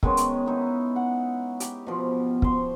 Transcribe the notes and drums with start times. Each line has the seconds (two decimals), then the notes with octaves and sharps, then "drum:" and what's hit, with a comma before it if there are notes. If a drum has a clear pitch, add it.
0.03 D#3 G#3 B3 C#4, drum: kick
0.17 drum: hi-hat
0.46 B3 D#4 E4
0.96 F#5
1.60 G4, drum: hi-hat
1.87 B2 F3
2.42 C5 C6 C#6, drum: kick